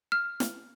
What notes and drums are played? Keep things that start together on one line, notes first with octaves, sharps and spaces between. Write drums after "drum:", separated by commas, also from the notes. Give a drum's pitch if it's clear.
F6
drum: snare